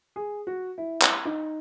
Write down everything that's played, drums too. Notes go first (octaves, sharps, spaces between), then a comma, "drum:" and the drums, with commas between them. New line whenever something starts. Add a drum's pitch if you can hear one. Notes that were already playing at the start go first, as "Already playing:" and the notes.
G#4
F#4
E4
drum: clap
D#4